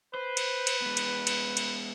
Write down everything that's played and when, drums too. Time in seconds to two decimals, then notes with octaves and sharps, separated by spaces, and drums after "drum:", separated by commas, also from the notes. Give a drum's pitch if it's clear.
0.15 B4 C5
0.37 drum: cymbal
0.67 drum: cymbal
0.82 G#3 B3
0.97 drum: cymbal
1.27 drum: cymbal
1.57 drum: cymbal